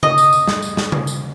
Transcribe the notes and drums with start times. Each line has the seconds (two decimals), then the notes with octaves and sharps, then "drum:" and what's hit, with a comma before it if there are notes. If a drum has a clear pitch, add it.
0.03 D#5, drum: tom C#3
0.18 drum: tambourine
0.33 drum: tambourine
0.47 drum: snare
0.62 drum: tambourine
0.77 drum: snare
0.92 drum: tom C#3
1.07 drum: tambourine